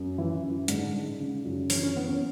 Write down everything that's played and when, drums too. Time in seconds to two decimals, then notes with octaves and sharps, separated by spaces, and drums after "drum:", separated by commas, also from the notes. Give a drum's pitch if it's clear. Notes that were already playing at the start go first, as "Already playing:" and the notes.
Already playing: F#2
0.18 E3 E4
0.43 F#2
0.68 G#2 D3 D4, drum: hi-hat
0.94 G#2
1.20 C#3
1.45 F#2
1.70 E3 C#4, drum: open hi-hat
1.83 C#4
1.96 E3 B3
2.08 C#4